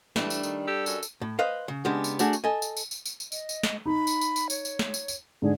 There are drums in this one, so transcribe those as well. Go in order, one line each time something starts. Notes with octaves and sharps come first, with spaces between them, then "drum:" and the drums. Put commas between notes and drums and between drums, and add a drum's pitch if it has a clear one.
E3 G3 A3 D4, drum: snare
drum: tambourine
D#3, drum: tambourine
G4 A4
F#2, drum: tambourine
drum: tambourine
A2
B4 C5 D#5 F5
C#3
C#3 G#3 B3 D4 G4
drum: tambourine
A3 D4 F#4 G#4, drum: tambourine
drum: tambourine
A4 D#5 G#5
drum: tambourine
drum: tambourine
drum: tambourine
drum: tambourine
drum: tambourine
D#5, drum: tambourine
drum: tambourine
drum: snare
D#4 B5
drum: tambourine
drum: tambourine
drum: tambourine
C#5, drum: tambourine
drum: tambourine
drum: snare
drum: tambourine
drum: tambourine
G#2 D3 D4 G#4